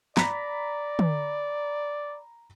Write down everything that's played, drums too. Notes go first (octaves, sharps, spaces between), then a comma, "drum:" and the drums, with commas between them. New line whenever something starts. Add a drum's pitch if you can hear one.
D5 A#5 B5 B6, drum: snare
drum: tom